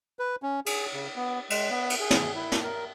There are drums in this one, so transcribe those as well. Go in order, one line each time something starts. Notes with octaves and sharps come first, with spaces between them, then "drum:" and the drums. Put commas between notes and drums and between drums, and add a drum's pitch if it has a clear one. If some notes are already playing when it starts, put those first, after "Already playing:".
B4
C#4
G#4, drum: cymbal
C#3
B3
G#3, drum: cymbal
B3
drum: cymbal
G#4
drum: snare
E4
drum: snare
A#4